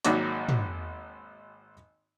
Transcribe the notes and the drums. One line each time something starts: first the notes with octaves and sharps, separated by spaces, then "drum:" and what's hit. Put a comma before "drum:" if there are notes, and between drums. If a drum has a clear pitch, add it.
G#1 D#3 F#3 A#3 F#4 D5, drum: hi-hat
drum: tom